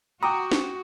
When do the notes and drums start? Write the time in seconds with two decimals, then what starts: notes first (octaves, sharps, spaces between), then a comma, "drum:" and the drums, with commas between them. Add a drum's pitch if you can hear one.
0.23 F#4 G5 A#5 D6 D#6
0.51 drum: snare